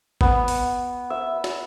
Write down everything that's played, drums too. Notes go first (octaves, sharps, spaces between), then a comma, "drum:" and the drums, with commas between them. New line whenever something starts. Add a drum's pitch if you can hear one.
B3, drum: kick
drum: open hi-hat
E5
drum: snare